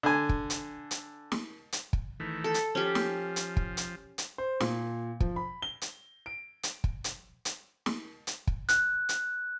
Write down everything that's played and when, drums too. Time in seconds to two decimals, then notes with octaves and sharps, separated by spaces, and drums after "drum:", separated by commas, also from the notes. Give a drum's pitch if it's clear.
0.03 D3 G#5
0.29 drum: kick
0.50 drum: hi-hat
0.91 drum: hi-hat
1.32 drum: snare
1.72 drum: hi-hat
1.93 drum: kick
2.20 D#3 E3 A3
2.44 A4
2.54 drum: hi-hat
2.75 F3 C#4 G4
2.95 drum: snare
3.36 drum: hi-hat
3.57 drum: kick
3.77 drum: hi-hat
4.18 drum: hi-hat
4.38 C5
4.60 A#2, drum: snare
5.20 F3, drum: kick
5.36 B5
5.62 G7
5.82 drum: hi-hat
6.26 D7
6.63 drum: hi-hat
6.84 drum: kick
7.04 drum: hi-hat
7.45 drum: hi-hat
7.86 drum: snare
8.27 drum: hi-hat
8.47 drum: kick
8.69 F#6, drum: hi-hat
9.09 drum: hi-hat